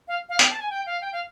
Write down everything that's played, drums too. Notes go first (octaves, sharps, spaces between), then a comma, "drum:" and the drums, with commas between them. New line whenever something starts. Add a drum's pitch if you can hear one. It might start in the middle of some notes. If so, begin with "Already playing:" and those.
F5
F5
G5, drum: hi-hat
A5
G#5
G5
F5
G5
F5